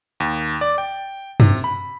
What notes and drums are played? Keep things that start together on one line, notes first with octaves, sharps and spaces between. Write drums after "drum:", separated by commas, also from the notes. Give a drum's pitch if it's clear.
D#2
D5
G5
C3, drum: tom F#2
B5